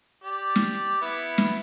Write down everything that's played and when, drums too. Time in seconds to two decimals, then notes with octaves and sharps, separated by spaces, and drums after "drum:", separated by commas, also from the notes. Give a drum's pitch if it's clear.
0.24 G4 D5
0.56 drum: snare
1.01 B3 E4
1.38 drum: snare